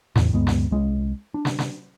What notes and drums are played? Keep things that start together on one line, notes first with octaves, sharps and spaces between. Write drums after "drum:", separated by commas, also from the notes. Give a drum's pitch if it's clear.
E2 A2, drum: snare
D2 G2 G#3 B3
drum: snare
C2 G#3 C#4
D4
drum: snare
drum: snare